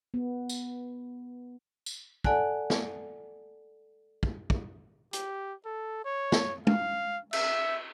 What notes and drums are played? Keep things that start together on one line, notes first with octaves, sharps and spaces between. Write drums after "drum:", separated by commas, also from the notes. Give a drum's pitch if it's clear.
B3
drum: tambourine
drum: tambourine
A4 D5 F#5 G#5 A5 F#6, drum: kick
drum: snare
drum: kick
drum: kick
G4, drum: hi-hat
A4
C#5
drum: snare
F5, drum: tom
E5, drum: cymbal